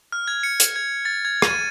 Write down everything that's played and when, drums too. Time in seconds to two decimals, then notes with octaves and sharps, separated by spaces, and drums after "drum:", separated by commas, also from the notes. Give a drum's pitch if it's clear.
0.12 F6
0.28 G#6
0.43 C#7
0.60 drum: hi-hat
0.76 G#6
1.05 A6
1.25 G#6
1.42 D#7, drum: rim click